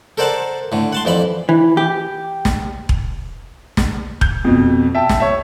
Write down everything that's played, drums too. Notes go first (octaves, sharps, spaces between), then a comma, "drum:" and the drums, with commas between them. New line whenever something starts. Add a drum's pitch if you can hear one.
A4 A#4 C5 D5 F#5 A5
A2 D3
F#5 A5 C6
F2 E3 D5 B5
E3
G4
drum: snare
drum: kick E1
drum: snare
G6, drum: kick E1
F2 B2
E5 G5 A5
drum: snare
C#5 E5